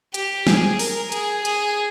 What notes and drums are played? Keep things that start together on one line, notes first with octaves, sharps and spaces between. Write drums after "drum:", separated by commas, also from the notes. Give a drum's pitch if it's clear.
G4, drum: hi-hat
G#4, drum: snare
A#4, drum: open hi-hat
G#4, drum: hi-hat
G#4, drum: hi-hat